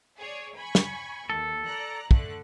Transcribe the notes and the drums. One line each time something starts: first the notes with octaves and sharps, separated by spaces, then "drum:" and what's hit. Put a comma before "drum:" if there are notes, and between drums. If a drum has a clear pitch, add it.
G#4 C#5 D5
G#5 B5 C#6
drum: snare
D#2 A4
D5 A#5 F#6
D3 A3 F#6, drum: kick